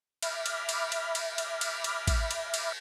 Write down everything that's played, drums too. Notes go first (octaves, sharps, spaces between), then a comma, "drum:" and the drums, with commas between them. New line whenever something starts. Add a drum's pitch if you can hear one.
E5 B5 D6 F6, drum: cymbal
drum: cymbal
drum: cymbal
drum: cymbal
drum: cymbal
drum: cymbal
drum: cymbal
drum: cymbal
drum: kick A1, cymbal
drum: cymbal
drum: cymbal